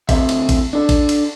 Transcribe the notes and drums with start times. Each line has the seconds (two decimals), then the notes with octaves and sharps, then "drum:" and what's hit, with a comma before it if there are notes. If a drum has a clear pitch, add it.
0.09 D2 C4 A4 E5, drum: kick A1, cymbal
0.29 drum: cymbal
0.49 drum: kick A1, cymbal
0.73 D4 A4
0.89 drum: kick A1, cymbal
1.09 drum: cymbal